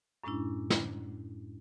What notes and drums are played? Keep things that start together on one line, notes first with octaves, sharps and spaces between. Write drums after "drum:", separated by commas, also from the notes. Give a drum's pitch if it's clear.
F#2 A2 G#3 C#4 D4 E4
drum: snare